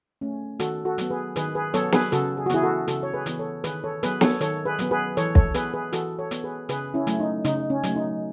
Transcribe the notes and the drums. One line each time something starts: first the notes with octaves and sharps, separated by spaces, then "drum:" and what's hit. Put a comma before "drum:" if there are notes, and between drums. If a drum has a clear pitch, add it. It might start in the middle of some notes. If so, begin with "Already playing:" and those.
A3 C#4
D#3 F#4 A4, drum: hi-hat
F#4 A4
F#3 B3, drum: hi-hat
G#4 B4
D#3 G#4 B4, drum: hi-hat
G#4 B4
F#3 B3 A4 C#5, drum: hi-hat
G#4 B4, drum: snare
C#3 F#4 A4, drum: hi-hat
G#4
F#4
E3 B3 E4 G#4, drum: hi-hat
F#4 A4
C#3 F#4 A4, drum: hi-hat
C#5
G#4 B4
E3 B3, drum: hi-hat
A4 C#5
D#3 G#4 B4, drum: hi-hat
A4 C#5
F#3 B3 G#4 B4, drum: hi-hat
A4 C#5, drum: snare
D#3 A4 C#5, drum: hi-hat
G#4 B4
F#3 B3, drum: hi-hat
G#4 B4
E3 A4 C#5, drum: hi-hat
A4 C#5, drum: kick
B3 G#4 B4, drum: hi-hat
G#4 B4
E3 F#4 A4, drum: hi-hat
A4 C#5
B3, drum: hi-hat
G#4 B4
C#3 G#4 B4, drum: hi-hat
C#4 E4
F#3 A3, drum: hi-hat
D#4
C#3 D#4, drum: hi-hat
C#4
F#3 A3, drum: hi-hat
D#4